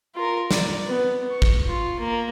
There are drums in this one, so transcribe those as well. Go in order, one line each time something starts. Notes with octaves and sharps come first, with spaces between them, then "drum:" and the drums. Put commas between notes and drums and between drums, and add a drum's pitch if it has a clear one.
F4 A#4
D5, drum: snare
B3
C#6
drum: kick
F4
A#3